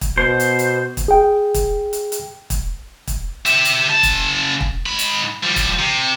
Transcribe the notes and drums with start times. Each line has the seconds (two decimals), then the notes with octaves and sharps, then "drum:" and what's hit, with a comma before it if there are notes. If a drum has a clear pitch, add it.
0.01 drum: kick, hi-hat
0.18 B2 C5
0.40 drum: hi-hat
0.59 drum: hi-hat
0.97 drum: kick, hi-hat
1.08 G#4 G5
1.54 drum: kick, hi-hat
1.93 drum: hi-hat
2.12 drum: hi-hat
2.50 drum: kick, hi-hat
3.07 drum: kick, hi-hat
3.46 G4 E5, drum: hi-hat
3.65 drum: hi-hat
3.88 C#3 A5
4.03 drum: kick, hi-hat
4.61 drum: kick
4.87 G#2 B5
4.99 drum: hi-hat
5.44 F3 G3
5.56 drum: kick, hi-hat
5.79 C3